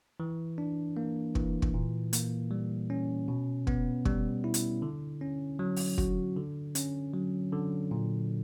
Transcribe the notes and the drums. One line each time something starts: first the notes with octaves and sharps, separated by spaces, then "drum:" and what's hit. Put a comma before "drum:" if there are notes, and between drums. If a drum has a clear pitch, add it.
E3
D4
A#3
E3, drum: kick
drum: kick
A#2
A#3, drum: hi-hat
G3
C#4
B2
B3, drum: kick
G3, drum: kick
E4
drum: hi-hat
D3
C#4
F#3
drum: open hi-hat
F#4, drum: kick
D3
C#4, drum: hi-hat
F#3
D3
A#2